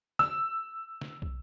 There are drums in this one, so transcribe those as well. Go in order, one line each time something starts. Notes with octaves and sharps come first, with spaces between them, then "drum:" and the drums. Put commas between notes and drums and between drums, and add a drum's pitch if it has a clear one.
E6, drum: snare
drum: snare
drum: kick